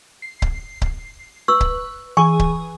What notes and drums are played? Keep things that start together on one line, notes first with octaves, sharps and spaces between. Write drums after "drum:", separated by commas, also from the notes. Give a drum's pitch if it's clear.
C7
drum: kick C#1
drum: kick C#1
B4 C#6 E6
drum: kick C#1
E3 G#4 G#5 C#6
drum: kick C#1